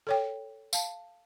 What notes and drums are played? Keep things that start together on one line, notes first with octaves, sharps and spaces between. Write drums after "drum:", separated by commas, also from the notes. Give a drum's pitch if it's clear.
A4 C#5 G5
F5 A5, drum: tambourine